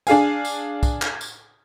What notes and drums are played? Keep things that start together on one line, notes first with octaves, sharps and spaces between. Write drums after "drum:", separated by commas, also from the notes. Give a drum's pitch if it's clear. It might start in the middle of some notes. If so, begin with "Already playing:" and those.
D4 G#4 F5 G#5, drum: tambourine
drum: tambourine
drum: kick, tambourine
drum: clap
drum: tambourine